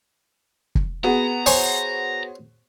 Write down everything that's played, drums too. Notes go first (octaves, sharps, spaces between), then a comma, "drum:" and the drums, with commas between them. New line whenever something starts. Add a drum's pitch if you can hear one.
drum: kick
B3 F#4 G#4 A#5
C5 C#5 G#5, drum: open hi-hat